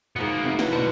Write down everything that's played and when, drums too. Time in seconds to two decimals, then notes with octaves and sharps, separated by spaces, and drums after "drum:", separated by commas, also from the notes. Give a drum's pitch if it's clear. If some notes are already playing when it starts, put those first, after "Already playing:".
0.16 G#2 F3 A#3 B3 F#4
0.45 C3
0.59 F#3 E4 B4, drum: snare
0.73 B2 D4 F#4 C5